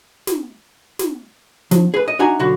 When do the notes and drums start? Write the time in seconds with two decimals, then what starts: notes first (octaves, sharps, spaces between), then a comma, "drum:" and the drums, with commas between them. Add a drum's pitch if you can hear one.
0.27 drum: snare
0.99 drum: snare
1.71 F3, drum: snare
1.94 G#4 B4
2.08 D#5
2.19 D4 D#4 F#4 E5 G#5 A#5
2.39 B1 D3 F#4